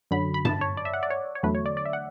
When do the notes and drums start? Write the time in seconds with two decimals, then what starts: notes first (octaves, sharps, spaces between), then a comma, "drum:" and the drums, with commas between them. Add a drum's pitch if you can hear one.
0.11 F#2 D3 F#3 B5
0.34 B5
0.45 A5, drum: tom G2
0.61 C#5
0.77 D5
0.85 E5
0.94 F#5
1.03 D5
1.10 C#5
1.35 C#5
1.43 E2 D3 F#3 A3 B4
1.55 C#5
1.66 D5
1.77 D5
1.86 E5
1.93 F#5